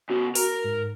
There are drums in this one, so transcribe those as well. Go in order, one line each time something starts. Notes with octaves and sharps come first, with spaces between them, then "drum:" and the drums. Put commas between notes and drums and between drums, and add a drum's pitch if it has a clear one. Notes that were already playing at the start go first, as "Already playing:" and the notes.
C#3 B3 F#4
A#4 A#5, drum: open hi-hat
G#2